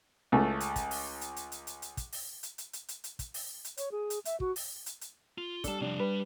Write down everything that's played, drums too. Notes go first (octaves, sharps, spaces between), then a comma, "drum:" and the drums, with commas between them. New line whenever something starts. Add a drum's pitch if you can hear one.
C#2 A3
drum: hi-hat
drum: kick, hi-hat
drum: open hi-hat
drum: hi-hat
drum: hi-hat
drum: hi-hat
drum: hi-hat
drum: hi-hat
drum: kick, hi-hat
drum: open hi-hat
drum: hi-hat
drum: hi-hat
drum: hi-hat
drum: hi-hat
drum: hi-hat
drum: kick, hi-hat
drum: open hi-hat
drum: hi-hat
C#5, drum: hi-hat
G#4
drum: hi-hat
E5, drum: hi-hat
F#4, drum: kick
drum: open hi-hat
drum: hi-hat
drum: hi-hat
F4
G3 D4 A4 A5, drum: kick, hi-hat
C3 F3 D4
G3 B4